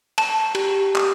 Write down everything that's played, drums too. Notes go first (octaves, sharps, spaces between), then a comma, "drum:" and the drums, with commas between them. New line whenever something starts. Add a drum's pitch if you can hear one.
A5, drum: cymbal
G4, drum: cymbal
drum: clap